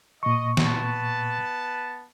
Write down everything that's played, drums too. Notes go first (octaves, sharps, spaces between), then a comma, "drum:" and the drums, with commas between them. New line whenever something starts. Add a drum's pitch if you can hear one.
A#2 D#5 C#6
B3 B4 A5, drum: snare